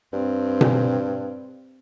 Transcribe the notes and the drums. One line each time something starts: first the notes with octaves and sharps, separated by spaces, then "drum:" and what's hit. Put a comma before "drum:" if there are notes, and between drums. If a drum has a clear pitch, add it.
G2 C4
drum: tom B2